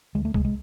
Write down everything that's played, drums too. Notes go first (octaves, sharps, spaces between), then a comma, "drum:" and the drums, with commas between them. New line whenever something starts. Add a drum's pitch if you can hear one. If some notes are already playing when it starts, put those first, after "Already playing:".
D2 G#3
A3
C3 G#3, drum: kick C2
G#3